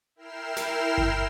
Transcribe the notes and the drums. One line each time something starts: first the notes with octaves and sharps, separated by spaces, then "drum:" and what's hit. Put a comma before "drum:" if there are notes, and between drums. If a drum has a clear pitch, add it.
E4 A#4 G5 F6 C7 E7
drum: snare
drum: kick G1